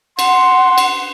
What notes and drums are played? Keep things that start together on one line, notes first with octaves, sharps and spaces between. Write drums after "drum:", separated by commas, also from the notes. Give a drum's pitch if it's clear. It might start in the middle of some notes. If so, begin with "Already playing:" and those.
F#5 C6, drum: cymbal
drum: cymbal